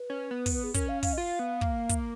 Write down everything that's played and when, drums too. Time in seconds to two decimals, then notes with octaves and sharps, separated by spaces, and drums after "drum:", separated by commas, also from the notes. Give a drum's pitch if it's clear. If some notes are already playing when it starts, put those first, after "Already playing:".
Already playing: B4
0.10 C#4
0.31 B3
0.46 drum: kick, open hi-hat
0.64 G#4
0.74 C#4 A#4, drum: kick, hi-hat
0.89 F5
1.03 F5, drum: kick, open hi-hat
1.13 D#5
1.18 F4 F5
1.39 B3
1.61 A#3, drum: kick
1.89 drum: kick, hi-hat